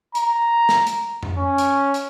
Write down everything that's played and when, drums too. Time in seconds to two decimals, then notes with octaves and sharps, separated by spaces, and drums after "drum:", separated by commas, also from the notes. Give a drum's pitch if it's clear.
0.15 A#5, drum: hi-hat
0.69 drum: snare
0.87 drum: hi-hat
1.23 drum: tom F2
1.37 C#4
1.58 drum: hi-hat
1.94 drum: hi-hat